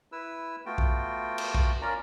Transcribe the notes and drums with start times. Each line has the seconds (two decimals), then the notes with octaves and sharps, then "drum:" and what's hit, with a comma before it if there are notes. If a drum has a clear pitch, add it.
0.12 E4 B4 E6
0.66 A3 B3 F4 F#4 G5
0.78 drum: kick A#1
1.38 drum: cymbal
1.55 drum: kick A#1
1.81 C#4 F4 A#4 D5 A#5